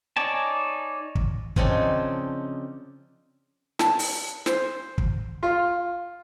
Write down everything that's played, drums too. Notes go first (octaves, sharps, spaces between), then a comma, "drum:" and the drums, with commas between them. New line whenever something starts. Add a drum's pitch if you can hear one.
D#4 C#5 D5 G#5 A5
drum: kick
C#3 F3 C4 D4 D#4 C#5, drum: kick
A5, drum: snare
drum: open hi-hat
C5, drum: snare
drum: kick
F4